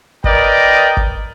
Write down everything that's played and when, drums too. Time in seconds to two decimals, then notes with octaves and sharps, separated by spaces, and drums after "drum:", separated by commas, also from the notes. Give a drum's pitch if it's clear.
0.24 A#4 B4 D5 D#5 G5, drum: kick G1
0.97 drum: kick G1